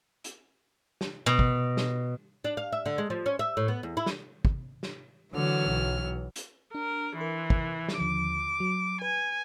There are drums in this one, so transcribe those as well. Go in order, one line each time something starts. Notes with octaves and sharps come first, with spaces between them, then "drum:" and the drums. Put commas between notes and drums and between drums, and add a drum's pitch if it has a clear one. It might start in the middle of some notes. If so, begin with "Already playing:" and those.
drum: hi-hat
drum: snare
B2
drum: kick
drum: snare
D4
F5
E5
D3
G#3
F3
C#4
E5
A2
B3
E2
E4
drum: snare
drum: kick
drum: snare
D3 E3 F#3 F6
B1
drum: hi-hat
D4 A#4
E3 A#4 C6
drum: kick
drum: snare
D#2 D3 F3 D6
F#3
B4 G#5